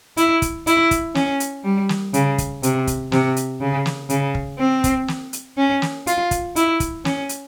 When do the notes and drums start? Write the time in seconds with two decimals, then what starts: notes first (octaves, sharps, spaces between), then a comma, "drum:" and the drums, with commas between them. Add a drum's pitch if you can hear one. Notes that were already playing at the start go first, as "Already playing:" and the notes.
0.17 E4, drum: hi-hat
0.42 drum: kick, hi-hat
0.67 E4, drum: hi-hat
0.91 drum: kick, hi-hat
1.15 C#4, drum: snare
1.40 drum: hi-hat
1.64 G3
1.89 drum: snare
2.14 C#3, drum: hi-hat
2.38 drum: kick, hi-hat
2.63 C3, drum: hi-hat
2.87 drum: kick, hi-hat
3.12 C3, drum: snare
3.36 drum: hi-hat
3.61 C#3
3.86 drum: snare
4.09 C#3, drum: hi-hat
4.35 drum: kick
4.59 C4
4.84 drum: kick, hi-hat
5.08 drum: snare
5.33 drum: hi-hat
5.58 C#4
5.82 drum: snare
6.07 F4, drum: hi-hat
6.31 drum: kick, hi-hat
6.56 E4, drum: hi-hat
6.80 drum: kick, hi-hat
7.05 C#4, drum: snare
7.29 drum: hi-hat